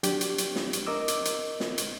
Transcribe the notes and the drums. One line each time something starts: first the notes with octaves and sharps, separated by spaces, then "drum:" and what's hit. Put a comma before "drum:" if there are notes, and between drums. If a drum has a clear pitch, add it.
F#3 D4 G4, drum: hi-hat
drum: hi-hat
drum: hi-hat
drum: snare
drum: hi-hat
A#4 D#5 D6 E6
drum: hi-hat
drum: hi-hat
drum: snare
drum: hi-hat